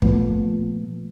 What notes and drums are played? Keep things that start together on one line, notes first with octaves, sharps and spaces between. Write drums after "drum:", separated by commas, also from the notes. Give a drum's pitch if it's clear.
A#2 F3 A3 B3, drum: kick